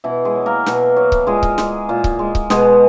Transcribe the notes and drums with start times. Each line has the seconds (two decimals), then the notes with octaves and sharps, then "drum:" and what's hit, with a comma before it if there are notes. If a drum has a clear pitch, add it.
0.04 B2 E3 E4
0.25 G#3 G#4
0.35 F#3
0.46 A#3 A#4
0.66 B2, drum: snare
0.96 F#3
1.12 drum: kick C#1
1.27 A#2 G#3 G#4
1.43 drum: kick C#1
1.58 G#3, drum: snare
1.89 A#2
2.04 drum: kick C#1
2.19 G#3
2.35 drum: kick C#1
2.50 B2 G#3 G#4, drum: snare